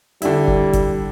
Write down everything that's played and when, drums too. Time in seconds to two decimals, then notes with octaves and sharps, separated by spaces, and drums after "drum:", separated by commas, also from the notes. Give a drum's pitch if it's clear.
0.22 D3 G3 E4, drum: hi-hat
0.48 drum: kick F#1
0.73 drum: kick F#1, hi-hat